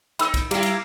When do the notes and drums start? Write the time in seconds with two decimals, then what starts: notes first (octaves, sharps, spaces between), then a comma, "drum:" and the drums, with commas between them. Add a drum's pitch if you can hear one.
0.19 D#4 B5 E6, drum: cymbal
0.34 drum: kick B1, cymbal
0.51 G3 E4 G4 F5 A#5 D6, drum: cymbal
0.63 drum: cymbal